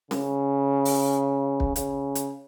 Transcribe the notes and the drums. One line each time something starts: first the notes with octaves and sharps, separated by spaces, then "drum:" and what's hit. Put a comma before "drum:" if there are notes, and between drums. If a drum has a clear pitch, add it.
C#3, drum: snare C#4
drum: open hi-hat
drum: kick
C#3, drum: hi-hat
drum: hi-hat